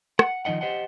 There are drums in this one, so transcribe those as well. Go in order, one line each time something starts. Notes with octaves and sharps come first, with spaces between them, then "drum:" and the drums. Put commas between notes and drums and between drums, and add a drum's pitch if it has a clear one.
F#5, drum: rim click
D#3 F3 D#4 D#5 F#5
G4 C5 D#5 F#5